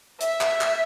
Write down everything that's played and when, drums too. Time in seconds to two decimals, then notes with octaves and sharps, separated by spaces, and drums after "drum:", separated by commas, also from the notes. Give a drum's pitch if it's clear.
0.21 E5, drum: hi-hat
0.41 drum: clap
0.61 drum: clap